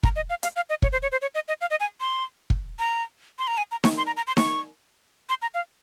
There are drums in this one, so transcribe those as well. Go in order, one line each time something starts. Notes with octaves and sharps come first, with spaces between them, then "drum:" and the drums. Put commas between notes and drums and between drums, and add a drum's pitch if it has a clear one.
A#5, drum: kick
D#5
F5
F5, drum: hi-hat
F5
D#5
C#5, drum: kick
C5
C#5
C5
C#5
D#5
D#5
F5
D#5
G#5
C6
drum: kick
A#5
C6
A#5
G#5
A#5
C#6, drum: snare D#4
C6
A#5
A#5
C6
C#6, drum: snare D#4
C6
A#5
F5